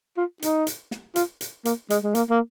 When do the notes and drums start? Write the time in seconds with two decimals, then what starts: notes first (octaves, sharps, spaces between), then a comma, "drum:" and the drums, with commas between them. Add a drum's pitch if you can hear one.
0.17 F4
0.42 D#4, drum: hi-hat
0.67 drum: hi-hat
0.91 drum: snare
1.16 F4, drum: hi-hat
1.41 drum: hi-hat
1.65 A#3, drum: hi-hat
1.90 G#3, drum: hi-hat
2.04 G#3
2.15 A#3, drum: hi-hat
2.30 A#3